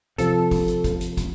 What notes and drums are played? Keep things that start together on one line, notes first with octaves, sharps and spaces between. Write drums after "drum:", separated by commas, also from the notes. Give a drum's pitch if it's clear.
C3 F3 A4, drum: hi-hat
drum: kick, open hi-hat
drum: hi-hat
drum: kick, hi-hat
drum: hi-hat
drum: kick, hi-hat